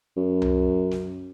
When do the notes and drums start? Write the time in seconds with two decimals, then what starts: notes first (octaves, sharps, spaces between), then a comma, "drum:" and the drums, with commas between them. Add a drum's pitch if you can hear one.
0.17 F#2
0.42 drum: tom C2
0.91 drum: snare